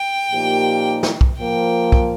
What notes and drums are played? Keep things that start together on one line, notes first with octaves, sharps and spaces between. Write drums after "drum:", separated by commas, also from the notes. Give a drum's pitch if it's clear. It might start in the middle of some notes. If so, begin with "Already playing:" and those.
Already playing: G5
A#2 F3 A#3 D#4 G4
drum: snare
drum: kick
F3 A#3 G5
drum: kick